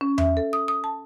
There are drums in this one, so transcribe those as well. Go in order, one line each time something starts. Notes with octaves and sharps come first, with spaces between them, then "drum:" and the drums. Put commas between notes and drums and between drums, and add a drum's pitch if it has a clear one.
C#4
E5, drum: tom E2
A4
D#6
D#6
A5